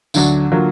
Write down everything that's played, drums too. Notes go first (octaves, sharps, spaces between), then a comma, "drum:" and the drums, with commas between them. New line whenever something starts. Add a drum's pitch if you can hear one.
D2 D3 F#3 D4, drum: tambourine
D3 F#3 A#3 F4